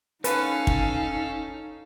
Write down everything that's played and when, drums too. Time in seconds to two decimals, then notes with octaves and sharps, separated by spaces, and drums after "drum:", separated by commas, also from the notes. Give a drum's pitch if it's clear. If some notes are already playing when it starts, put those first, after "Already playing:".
0.24 C#4 D#4 A4 B4 F5, drum: hi-hat
0.67 drum: kick